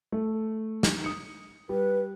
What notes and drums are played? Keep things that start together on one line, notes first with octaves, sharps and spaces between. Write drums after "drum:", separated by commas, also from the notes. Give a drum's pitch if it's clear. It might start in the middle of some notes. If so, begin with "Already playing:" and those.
A3
drum: snare
D#6 C#7
G3 B4